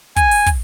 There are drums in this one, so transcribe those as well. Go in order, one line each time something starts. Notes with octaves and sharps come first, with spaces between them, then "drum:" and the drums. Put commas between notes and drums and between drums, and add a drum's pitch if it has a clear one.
G#5, drum: kick, hi-hat
drum: open hi-hat
drum: kick, hi-hat